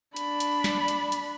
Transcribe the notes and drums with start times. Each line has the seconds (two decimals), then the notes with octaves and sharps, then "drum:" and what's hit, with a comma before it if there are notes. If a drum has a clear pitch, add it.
0.16 D4 B5, drum: hi-hat
0.40 drum: hi-hat
0.64 drum: snare
0.88 drum: hi-hat
1.12 drum: hi-hat